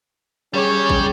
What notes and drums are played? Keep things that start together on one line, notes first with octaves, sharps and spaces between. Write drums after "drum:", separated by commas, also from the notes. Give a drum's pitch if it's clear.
G3 C#4 G4 G#4 C#5
drum: kick